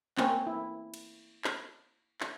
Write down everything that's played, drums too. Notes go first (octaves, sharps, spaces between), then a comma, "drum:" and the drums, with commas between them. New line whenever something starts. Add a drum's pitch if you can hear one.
A#3 C4 C#4, drum: clap
E4
drum: cymbal
drum: clap
drum: clap